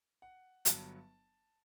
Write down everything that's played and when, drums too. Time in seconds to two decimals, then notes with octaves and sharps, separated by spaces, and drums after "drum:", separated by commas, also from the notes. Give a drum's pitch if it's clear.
0.22 F#5
0.65 G1 G2 F#3 A5, drum: hi-hat